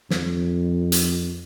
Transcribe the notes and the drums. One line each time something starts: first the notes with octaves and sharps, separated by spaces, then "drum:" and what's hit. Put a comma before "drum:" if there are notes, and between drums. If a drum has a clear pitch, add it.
F2, drum: snare
drum: hi-hat